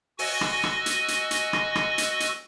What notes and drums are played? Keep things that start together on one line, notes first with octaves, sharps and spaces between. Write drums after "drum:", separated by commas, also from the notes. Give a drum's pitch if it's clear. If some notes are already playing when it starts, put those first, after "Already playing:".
F#4 D#5 G#5 C#6 E6, drum: open hi-hat
drum: rim click
drum: rim click
drum: hi-hat
drum: hi-hat
drum: hi-hat
drum: rim click
drum: rim click
drum: hi-hat
drum: hi-hat